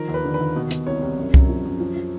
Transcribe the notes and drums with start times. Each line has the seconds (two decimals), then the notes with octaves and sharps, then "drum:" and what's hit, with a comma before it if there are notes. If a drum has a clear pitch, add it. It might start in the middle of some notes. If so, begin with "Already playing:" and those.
Already playing: D#3 F3 A#4
0.08 D#2
0.14 B4
0.24 D3
0.34 B4
0.40 D#2
0.56 B2
0.71 B2, drum: hi-hat
0.87 C2 C#5
1.02 C2
1.18 F#2
1.34 F#2, drum: kick C2
1.49 F3
1.65 F#2
1.80 F3
1.96 F3